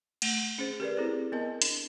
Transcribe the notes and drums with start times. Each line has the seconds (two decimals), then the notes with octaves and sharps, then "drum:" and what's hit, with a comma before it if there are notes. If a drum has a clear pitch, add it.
0.22 A3, drum: cymbal
0.59 C#4 G#4 C5
0.80 G4 A#4 B4 D5
0.97 C4 E4 G#4 A4 C5
1.32 B3 A#4 D#5 A5
1.62 D4, drum: hi-hat